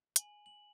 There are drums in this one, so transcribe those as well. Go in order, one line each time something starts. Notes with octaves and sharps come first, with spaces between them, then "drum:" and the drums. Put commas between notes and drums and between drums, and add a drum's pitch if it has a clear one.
G#5 F#7, drum: hi-hat
F#7